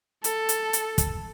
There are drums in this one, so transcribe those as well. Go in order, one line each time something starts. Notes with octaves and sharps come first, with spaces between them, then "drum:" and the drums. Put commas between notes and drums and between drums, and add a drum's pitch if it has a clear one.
A4, drum: hi-hat
drum: hi-hat
drum: hi-hat
drum: kick, hi-hat